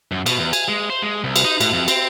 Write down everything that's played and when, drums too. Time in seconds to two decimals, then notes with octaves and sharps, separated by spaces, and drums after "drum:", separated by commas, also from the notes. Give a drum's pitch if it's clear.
0.12 F#2
0.26 B2, drum: cymbal
0.40 E2
0.53 G#5, drum: cymbal
0.69 G#3
0.90 C5
1.02 G#3
1.24 C2
1.36 drum: cymbal
1.45 D#4
1.61 A2, drum: cymbal
1.73 F2
1.88 C4, drum: cymbal